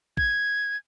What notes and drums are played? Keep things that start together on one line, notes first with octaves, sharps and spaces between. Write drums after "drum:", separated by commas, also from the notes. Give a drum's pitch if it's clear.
G#6, drum: kick